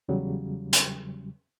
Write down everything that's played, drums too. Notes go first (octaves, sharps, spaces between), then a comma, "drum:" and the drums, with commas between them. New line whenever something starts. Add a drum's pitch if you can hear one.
E2 C#3 F#3 G3
drum: hi-hat